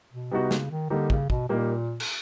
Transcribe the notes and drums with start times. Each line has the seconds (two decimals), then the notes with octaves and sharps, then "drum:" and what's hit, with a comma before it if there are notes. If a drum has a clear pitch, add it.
0.12 B2
0.31 C3 G3 B3 D#4 F#4
0.51 C#3, drum: snare
0.71 D#3
0.90 D3 G3 A#3 D#4
1.10 C#3, drum: kick
1.30 B2, drum: kick
1.48 A#2 G3 A#3 D#4
2.00 drum: cymbal